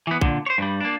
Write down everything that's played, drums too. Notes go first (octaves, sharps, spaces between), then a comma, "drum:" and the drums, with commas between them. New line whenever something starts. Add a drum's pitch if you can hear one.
E3 B3
A#2 D3, drum: kick
C5 C#5
G2 G3
A#3 D4